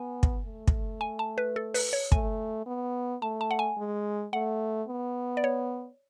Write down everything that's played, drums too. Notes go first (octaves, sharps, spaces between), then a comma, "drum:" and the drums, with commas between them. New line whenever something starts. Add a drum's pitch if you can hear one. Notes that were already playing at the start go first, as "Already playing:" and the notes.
Already playing: B3 G#5
drum: kick
A3
drum: kick
G#5
A5
B4
A4
B4, drum: open hi-hat
C#5
A3 G#5, drum: kick
B3
A3 A5
A5
F#5
G#5
G#3
A3 F#5
B3
D5
C#5